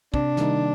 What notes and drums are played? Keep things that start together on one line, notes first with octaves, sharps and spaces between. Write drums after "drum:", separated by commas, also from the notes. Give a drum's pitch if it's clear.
C3 D4, drum: kick
D#3 G3 A#3 D#4, drum: snare